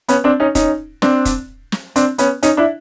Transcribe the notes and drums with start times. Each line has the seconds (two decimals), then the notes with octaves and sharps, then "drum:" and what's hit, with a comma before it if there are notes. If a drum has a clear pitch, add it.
0.08 B3 C#4, drum: hi-hat
0.24 C4 D4
0.40 C#4 D#4
0.55 C#4 D#4, drum: kick, hi-hat
1.02 C4 D4, drum: snare
1.25 drum: kick, hi-hat
1.72 drum: snare
1.96 C4 D4, drum: hi-hat
2.18 B3 C#4, drum: hi-hat
2.43 C#4 D#4, drum: hi-hat
2.57 D4 E4